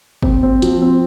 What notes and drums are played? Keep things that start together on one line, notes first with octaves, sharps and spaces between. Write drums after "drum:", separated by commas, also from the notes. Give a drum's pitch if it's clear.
C4, drum: kick G1
C4
F3, drum: hi-hat
C4